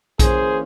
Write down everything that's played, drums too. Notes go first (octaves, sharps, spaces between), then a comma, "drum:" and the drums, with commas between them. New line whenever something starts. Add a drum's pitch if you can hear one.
E3 A#3 C#4 G#4 C5, drum: kick A#1, hi-hat